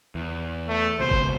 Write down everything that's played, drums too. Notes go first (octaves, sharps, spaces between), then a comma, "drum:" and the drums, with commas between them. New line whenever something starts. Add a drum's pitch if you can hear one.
E2
A3
C#2 B2 C5
drum: kick G1